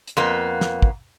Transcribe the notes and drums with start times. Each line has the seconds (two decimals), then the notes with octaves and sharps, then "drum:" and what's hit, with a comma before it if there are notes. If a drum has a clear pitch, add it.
0.08 drum: hi-hat
0.17 F2 A#3 B3
0.61 drum: snare
0.82 drum: kick